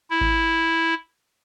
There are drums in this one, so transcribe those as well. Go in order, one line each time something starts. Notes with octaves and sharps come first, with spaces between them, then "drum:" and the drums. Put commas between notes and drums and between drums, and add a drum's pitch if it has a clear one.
E4
drum: kick G#1